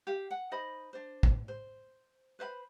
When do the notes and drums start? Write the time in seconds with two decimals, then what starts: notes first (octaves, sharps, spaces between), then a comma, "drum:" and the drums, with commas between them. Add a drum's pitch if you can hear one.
0.07 G4 F5
0.31 F#5
0.51 D#4 C5 D#5 B5
0.93 D4 C5
1.23 drum: kick
1.48 C5
2.39 B4 C5 E5 B5